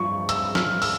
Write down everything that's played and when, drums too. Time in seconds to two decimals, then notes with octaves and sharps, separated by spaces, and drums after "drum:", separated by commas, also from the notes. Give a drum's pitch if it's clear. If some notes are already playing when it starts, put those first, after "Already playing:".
Already playing: G2 F3 C#6
0.29 E6, drum: hi-hat
0.55 F6, drum: snare
0.82 E6, drum: open hi-hat